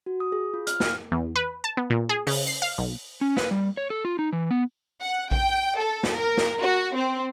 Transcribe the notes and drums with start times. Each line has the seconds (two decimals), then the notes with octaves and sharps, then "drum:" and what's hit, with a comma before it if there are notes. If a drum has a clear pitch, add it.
0.06 F#4
0.20 D#6
0.32 G#4
0.54 F4
0.67 F6, drum: hi-hat
0.80 F6, drum: snare
1.12 E2
1.36 B4
1.64 A5
1.77 B3
1.90 A#2
2.09 G#4
2.27 C#3, drum: open hi-hat
2.47 C7
2.62 F5
2.78 B1
3.21 C#4
3.37 B4, drum: snare
3.51 G3
3.77 C#5
3.90 A4
4.05 F4
4.19 D#4
4.33 E3
4.51 B3
5.01 F#5
5.31 G5, drum: kick A#1
5.77 A4
6.03 drum: snare
6.17 A#4
6.37 drum: snare
6.61 F#4
6.95 C4